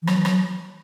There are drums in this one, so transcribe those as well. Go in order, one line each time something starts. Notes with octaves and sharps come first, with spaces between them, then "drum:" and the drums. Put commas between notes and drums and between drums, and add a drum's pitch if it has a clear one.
E3
F#3, drum: rim click
E3
F#3, drum: rim click